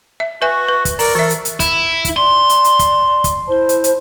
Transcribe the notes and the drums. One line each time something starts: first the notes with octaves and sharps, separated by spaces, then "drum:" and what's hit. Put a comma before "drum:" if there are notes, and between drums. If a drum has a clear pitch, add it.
E5
F#4 B4 E5 G#5 C#6
B4
drum: kick, hi-hat
A#4 D5 A#5, drum: open hi-hat
E3 A4 E5
drum: hi-hat
drum: hi-hat
E4, drum: kick, hi-hat
drum: kick, hi-hat
D5 C6
drum: hi-hat
drum: hi-hat
drum: kick, hi-hat
drum: kick, hi-hat
E4 C5 A5
drum: hi-hat
drum: hi-hat